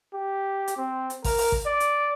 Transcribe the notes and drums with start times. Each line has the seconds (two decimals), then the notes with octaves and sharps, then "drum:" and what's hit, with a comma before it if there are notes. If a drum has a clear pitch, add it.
0.14 G4
0.68 drum: hi-hat
0.77 C4
1.10 drum: hi-hat
1.24 A#4, drum: kick A1, open hi-hat
1.38 drum: open hi-hat
1.52 drum: kick A1
1.66 D5
1.80 drum: hi-hat